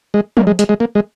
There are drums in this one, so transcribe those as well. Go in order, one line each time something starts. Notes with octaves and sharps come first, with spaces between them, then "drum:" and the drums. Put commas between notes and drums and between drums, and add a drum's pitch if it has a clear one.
G#3
A#3, drum: tom F3
G#3
G#3, drum: hi-hat
G#3
A#3
G#3